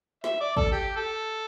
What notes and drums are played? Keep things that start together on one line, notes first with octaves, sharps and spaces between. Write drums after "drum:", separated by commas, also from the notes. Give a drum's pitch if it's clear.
E5, drum: snare
D5
A4, drum: kick
G4
A4